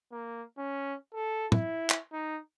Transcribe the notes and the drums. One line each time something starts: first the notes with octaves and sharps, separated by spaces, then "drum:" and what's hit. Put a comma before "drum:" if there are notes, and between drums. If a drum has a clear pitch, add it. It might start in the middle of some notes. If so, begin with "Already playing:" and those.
A#3
C#4
A4
E4, drum: tom
drum: clap
D#4